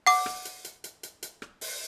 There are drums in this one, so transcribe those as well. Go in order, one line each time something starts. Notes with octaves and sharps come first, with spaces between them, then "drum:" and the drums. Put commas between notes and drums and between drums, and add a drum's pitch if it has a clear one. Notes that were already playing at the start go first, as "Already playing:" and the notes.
F#5 D6, drum: open hi-hat
drum: rim click
drum: hi-hat
drum: hi-hat
drum: hi-hat
drum: hi-hat
drum: hi-hat
drum: rim click
drum: open hi-hat